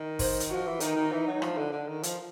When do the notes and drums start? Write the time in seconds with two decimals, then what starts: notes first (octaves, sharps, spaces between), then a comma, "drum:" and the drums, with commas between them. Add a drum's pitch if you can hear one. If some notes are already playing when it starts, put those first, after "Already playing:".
Already playing: D#3
0.19 C5, drum: kick, open hi-hat
0.40 drum: hi-hat
0.50 F3 F#4
0.67 E3
0.80 D#3 D#4, drum: hi-hat
0.96 D#3
1.12 E3
1.27 F#3
1.42 F3, drum: rim click
1.57 D3
1.72 D3
1.88 D#3
2.03 F3, drum: hi-hat